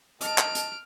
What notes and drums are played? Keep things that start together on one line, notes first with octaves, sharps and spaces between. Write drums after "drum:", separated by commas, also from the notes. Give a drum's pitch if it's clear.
D#5 A5 F6 D7, drum: hi-hat
drum: clap
drum: hi-hat